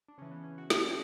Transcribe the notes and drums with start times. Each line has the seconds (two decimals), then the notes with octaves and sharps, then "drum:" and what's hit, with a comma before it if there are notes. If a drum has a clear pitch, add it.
0.08 D4
0.18 C#3 E3 C#4
0.31 B3
0.44 C#4
0.58 F#4
0.70 D4, drum: snare
0.83 C#4